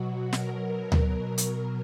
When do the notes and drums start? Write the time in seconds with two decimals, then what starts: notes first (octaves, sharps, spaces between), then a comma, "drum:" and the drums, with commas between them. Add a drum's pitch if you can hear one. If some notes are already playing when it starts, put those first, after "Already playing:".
Already playing: B2 F#3 F#4
0.33 B2 F#3 A#4, drum: snare
0.92 drum: tom D2
1.23 B2 F#3 A#4
1.38 drum: hi-hat